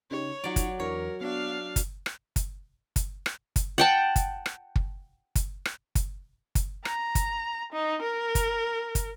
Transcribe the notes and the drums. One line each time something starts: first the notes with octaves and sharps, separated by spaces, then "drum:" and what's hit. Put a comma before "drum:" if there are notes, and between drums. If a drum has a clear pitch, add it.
C#3 D#4 G4 C#5
F#3 D#4 F4 D5
drum: kick, hi-hat
E2 E3 D4 A#4 C#5
B3 D4 F#4 F5
drum: kick, hi-hat
drum: rim click
drum: kick, hi-hat
drum: kick, hi-hat
drum: rim click
drum: kick, hi-hat
F#5 G5 A5
drum: kick, hi-hat
drum: rim click
drum: kick
drum: kick, hi-hat
drum: rim click
drum: kick, hi-hat
drum: kick, hi-hat
A#5, drum: rim click
drum: kick, hi-hat
D#4
A#4
drum: kick, hi-hat
drum: kick, hi-hat